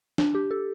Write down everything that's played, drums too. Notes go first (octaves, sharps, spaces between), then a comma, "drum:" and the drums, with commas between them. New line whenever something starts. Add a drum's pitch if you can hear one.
D4, drum: snare
G4
A4